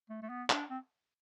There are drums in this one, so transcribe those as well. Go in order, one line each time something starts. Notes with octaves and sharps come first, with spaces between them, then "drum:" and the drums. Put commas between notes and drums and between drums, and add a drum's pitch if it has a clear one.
A3
A3
B3
D4, drum: clap
C4